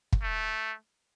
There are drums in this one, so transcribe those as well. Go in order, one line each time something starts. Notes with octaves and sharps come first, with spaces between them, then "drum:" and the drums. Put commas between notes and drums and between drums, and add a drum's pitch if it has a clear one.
drum: kick
A3